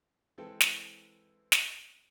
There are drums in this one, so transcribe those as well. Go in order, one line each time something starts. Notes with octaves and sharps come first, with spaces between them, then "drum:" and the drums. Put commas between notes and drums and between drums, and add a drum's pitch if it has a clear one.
E3 G#3 C4 E4 A4 G5
drum: snare
drum: snare